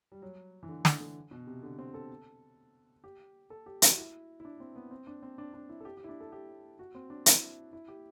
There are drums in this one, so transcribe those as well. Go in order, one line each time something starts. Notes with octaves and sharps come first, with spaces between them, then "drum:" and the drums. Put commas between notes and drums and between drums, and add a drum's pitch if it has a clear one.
G3
F#3
E3
D3
D3, drum: snare
D3
B2
C3
D3
C4
A4
G4
A4
G4
F#4, drum: hi-hat
E4
E4
D4
C4
B3
C4
D4
C4
D4
D4
E4
A4
G4
G4
E4
D4
A4
G4
F#4
C4
D4
E4, drum: hi-hat
E4
G4